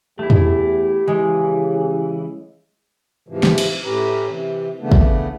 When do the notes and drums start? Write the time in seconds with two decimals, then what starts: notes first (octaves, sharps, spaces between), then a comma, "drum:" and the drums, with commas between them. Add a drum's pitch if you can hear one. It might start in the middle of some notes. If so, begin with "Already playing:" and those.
0.19 E2 A3 E4 G4
0.30 drum: tom
1.08 C#3 E3 G#3
3.28 G#2 C3 E3 F3
3.43 drum: snare
3.58 drum: cymbal
3.84 A2 C#4 G4 B4 A#5
4.28 C3 E3
4.80 C#3 E3 A3 B3 D4
4.92 drum: kick